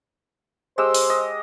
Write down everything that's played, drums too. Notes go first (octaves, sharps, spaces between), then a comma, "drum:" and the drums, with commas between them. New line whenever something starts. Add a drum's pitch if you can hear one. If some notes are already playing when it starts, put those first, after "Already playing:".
G#3 G4 C5 E6
drum: open hi-hat
D#5